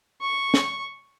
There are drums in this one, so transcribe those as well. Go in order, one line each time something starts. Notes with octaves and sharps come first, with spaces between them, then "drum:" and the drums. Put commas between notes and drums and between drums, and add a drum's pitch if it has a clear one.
C#6
drum: snare